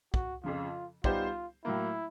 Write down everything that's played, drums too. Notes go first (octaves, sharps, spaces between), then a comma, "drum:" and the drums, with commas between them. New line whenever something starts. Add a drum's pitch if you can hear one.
F#4, drum: kick
F2 C#3 F3 F4
G3 B3 D#4 F4 G4 C5, drum: kick
A2 F#3 A#3 E4